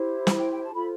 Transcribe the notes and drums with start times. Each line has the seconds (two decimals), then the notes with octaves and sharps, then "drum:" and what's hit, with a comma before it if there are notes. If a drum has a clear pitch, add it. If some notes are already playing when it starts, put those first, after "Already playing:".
Already playing: E4 G4 C5
0.27 B5, drum: snare
0.38 G5
0.51 G5
0.62 A5
0.74 F4 A4 C5 B5